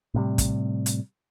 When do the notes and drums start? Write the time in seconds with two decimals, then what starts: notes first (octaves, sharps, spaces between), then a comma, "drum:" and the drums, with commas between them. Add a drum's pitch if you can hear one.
0.14 A2 C3 G3
0.38 drum: kick, hi-hat
0.86 drum: hi-hat